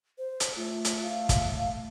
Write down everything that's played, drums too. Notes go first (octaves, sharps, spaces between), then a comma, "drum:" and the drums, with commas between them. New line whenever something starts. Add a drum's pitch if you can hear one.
C5
drum: hi-hat
A3 F4
drum: hi-hat
F5
drum: kick, hi-hat